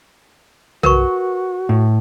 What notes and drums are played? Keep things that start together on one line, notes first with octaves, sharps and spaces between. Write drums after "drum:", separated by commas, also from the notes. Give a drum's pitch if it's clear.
F#4 A#4 B4 C#6, drum: tom B1
A2